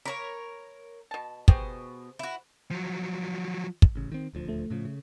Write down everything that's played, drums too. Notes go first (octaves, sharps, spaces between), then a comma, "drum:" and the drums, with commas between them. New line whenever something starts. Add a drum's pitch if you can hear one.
A#3 A#4 C#5 B5
B2 A5
B2 G4 G#4 C5, drum: kick
E4 F#4
F3 F#3
drum: kick
A1 C#3
D#3 C4
D#1 D2 F3
A3
A2 C#3 F3
C#3